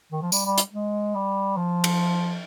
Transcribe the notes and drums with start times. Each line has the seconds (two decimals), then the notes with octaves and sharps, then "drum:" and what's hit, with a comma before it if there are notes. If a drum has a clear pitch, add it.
0.12 D#3
0.22 F3
0.32 G3, drum: tambourine
0.46 G3
0.58 drum: hi-hat
0.73 G#3
1.15 G3
1.57 F3
1.84 drum: cymbal